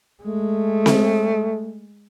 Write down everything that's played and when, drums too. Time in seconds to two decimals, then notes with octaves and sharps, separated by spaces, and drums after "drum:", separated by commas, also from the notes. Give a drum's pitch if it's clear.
0.23 G#3 A3
0.86 drum: snare C4